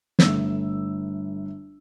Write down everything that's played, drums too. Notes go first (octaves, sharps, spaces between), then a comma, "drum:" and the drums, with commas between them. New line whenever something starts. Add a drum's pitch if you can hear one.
G1 A3 E6, drum: snare